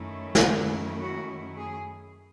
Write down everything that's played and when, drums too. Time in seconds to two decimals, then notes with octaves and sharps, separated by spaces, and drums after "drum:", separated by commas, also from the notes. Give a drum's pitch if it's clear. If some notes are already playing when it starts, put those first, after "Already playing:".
Already playing: F#2 D#3 A3 C#4 E4
0.35 drum: snare
0.99 F#4
1.58 G#4